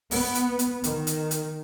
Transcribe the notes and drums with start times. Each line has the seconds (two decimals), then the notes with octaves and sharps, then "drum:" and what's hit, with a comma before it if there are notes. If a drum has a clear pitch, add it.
0.11 B3, drum: open hi-hat
0.35 drum: hi-hat
0.59 drum: hi-hat
0.84 D#3, drum: hi-hat
1.07 drum: hi-hat
1.31 drum: hi-hat